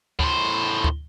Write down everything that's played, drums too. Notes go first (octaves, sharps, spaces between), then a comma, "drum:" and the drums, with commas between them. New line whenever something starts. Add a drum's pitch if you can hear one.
A2 C5, drum: kick D2
drum: kick D2